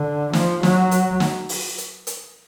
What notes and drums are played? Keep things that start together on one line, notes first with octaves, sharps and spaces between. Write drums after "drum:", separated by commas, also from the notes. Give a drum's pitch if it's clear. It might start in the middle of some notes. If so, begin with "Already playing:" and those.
Already playing: D3
F3, drum: snare
F#3, drum: snare
drum: hi-hat
drum: snare
drum: open hi-hat
drum: hi-hat
drum: hi-hat